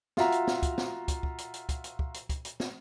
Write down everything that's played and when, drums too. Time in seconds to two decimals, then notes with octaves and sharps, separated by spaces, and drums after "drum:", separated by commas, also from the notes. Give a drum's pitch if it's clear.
0.17 F4 F#4 E5 A#5, drum: snare
0.32 drum: hi-hat
0.47 drum: snare
0.63 drum: kick, hi-hat
0.78 drum: snare
1.08 drum: kick, hi-hat
1.23 drum: kick
1.38 drum: hi-hat
1.54 drum: hi-hat
1.69 drum: kick, hi-hat
1.84 drum: hi-hat
1.99 drum: kick
2.14 drum: hi-hat
2.29 drum: kick, hi-hat
2.45 drum: hi-hat
2.60 drum: snare